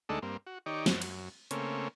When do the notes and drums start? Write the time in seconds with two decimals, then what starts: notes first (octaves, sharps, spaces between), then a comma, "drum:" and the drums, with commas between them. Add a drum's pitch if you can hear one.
0.09 D2 G#3 A3 D4 D#4 A4
0.22 G2 A#3 C4
0.46 F#4
0.66 D#3 D#4 G4 C#5 D5
0.86 F#2, drum: snare
1.02 drum: cymbal
1.51 C#3 A3 A#3 C4 C#4, drum: hi-hat